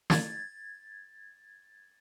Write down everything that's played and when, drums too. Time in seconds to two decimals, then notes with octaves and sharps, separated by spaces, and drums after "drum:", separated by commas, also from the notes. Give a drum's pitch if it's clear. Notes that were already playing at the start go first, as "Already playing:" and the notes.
0.10 G#6 A6, drum: snare